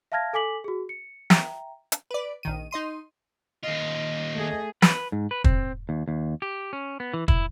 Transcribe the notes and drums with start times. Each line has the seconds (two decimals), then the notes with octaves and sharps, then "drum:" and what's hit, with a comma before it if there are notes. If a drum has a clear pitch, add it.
0.12 E5 F5 A5 F6 G#6 A#6
0.33 A4 G#5 D6 B6 F#7
0.64 F#4 G#4
0.89 C#7
1.30 E5 G5 A#5, drum: snare
1.92 drum: hi-hat
2.11 B4 D5
2.43 A#1 D#3 D#7
2.71 D#4 D#5 C6 D#7
3.63 D#2 F4 D#5
4.35 A3 G#4
4.82 B4, drum: snare
5.12 G#2
5.31 B4
5.44 C4, drum: kick
5.89 D#2
6.08 D#2
6.42 G4
6.73 C#4
7.00 B3
7.14 E3
7.28 E4, drum: kick